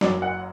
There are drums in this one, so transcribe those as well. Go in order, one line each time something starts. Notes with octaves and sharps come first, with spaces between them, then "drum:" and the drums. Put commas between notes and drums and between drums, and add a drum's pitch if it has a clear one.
F#1 F#2 F#3 D5, drum: snare
F#5